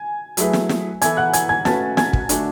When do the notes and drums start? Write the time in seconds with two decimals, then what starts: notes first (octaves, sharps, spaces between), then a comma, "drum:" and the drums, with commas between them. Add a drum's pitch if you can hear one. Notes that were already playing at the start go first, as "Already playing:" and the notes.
Already playing: G#5
0.37 F#3 A3 E4 G#4 B4, drum: hi-hat
0.53 drum: snare
0.69 drum: snare
1.02 E3 B3 E4 A4 G#5 G#6, drum: hi-hat
1.17 F#5 F#6
1.33 G#5 G#6, drum: hi-hat
1.49 G#5 G#6
1.65 A3 C#4 F#4 B4 A5 A6, drum: snare
1.97 G#5 G#6, drum: snare
2.13 drum: kick
2.29 D3 A3 D4 F#4, drum: hi-hat